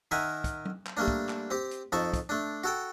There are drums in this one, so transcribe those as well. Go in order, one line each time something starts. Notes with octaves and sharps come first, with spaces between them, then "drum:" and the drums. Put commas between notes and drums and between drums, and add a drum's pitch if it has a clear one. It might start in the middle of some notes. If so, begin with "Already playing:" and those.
D#3 A#4 E5 F#5 G#5
drum: kick, hi-hat
drum: tom F#3
drum: clap
G3 A3 A#3 D4
drum: kick
drum: clap
C4 G4
drum: hi-hat
F2 D#4 A4 A5 C#6
drum: kick, hi-hat
A3 D4
F#4 A4 G5